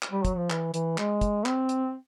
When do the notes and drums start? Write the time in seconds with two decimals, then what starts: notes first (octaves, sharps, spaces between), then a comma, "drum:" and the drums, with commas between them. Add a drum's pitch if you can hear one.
0.02 drum: clap
0.12 G3
0.25 F#3, drum: kick, hi-hat
0.37 F3
0.50 E3, drum: clap
0.74 E3, drum: hi-hat
0.98 G#3, drum: clap
1.21 drum: kick, hi-hat
1.46 C4, drum: clap
1.69 drum: hi-hat